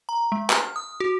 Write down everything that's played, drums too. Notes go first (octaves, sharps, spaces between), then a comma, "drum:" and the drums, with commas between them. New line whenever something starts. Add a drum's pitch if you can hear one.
A#5
G#3
F6, drum: clap
D#6
F#4